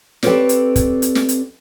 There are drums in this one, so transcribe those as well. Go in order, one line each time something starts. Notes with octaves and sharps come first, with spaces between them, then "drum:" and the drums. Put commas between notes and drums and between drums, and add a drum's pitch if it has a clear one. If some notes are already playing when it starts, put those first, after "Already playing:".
C4 G4 A4 B4 C#5 D5, drum: snare
drum: hi-hat
drum: kick, hi-hat
drum: hi-hat
drum: snare
drum: hi-hat